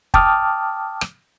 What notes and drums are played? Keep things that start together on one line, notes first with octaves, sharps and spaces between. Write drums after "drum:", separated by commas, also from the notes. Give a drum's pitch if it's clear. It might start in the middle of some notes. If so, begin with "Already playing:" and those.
G5 A5 D6 D#6 F6, drum: kick
drum: rim click